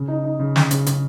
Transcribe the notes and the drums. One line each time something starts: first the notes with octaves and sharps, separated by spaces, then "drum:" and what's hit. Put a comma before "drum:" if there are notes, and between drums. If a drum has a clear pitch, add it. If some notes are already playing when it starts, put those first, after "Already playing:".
Already playing: C#3
D#4
D#4
C#3
C#3, drum: snare
C#3, drum: hi-hat
C#3, drum: hi-hat